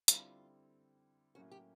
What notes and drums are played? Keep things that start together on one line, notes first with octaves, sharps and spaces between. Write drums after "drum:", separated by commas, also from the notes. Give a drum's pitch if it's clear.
D3 G3 C4 E4 F4, drum: hi-hat
A2 F#3 A#3 C#4 F#4
G4